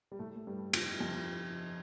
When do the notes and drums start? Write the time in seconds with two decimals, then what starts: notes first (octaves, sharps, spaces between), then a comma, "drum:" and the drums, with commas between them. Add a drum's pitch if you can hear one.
0.12 G3
0.19 A2 A3
0.36 A3
0.47 G2 G3
0.73 F2 F3, drum: cymbal
0.96 G3
1.00 F2 F3